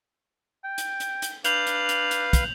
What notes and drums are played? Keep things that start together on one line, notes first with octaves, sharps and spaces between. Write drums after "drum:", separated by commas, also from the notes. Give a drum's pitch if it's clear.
G5
drum: hi-hat
drum: hi-hat
drum: hi-hat
D4 B4 F5 G6 F7 F#7, drum: hi-hat
drum: hi-hat
drum: hi-hat
drum: hi-hat
drum: kick, hi-hat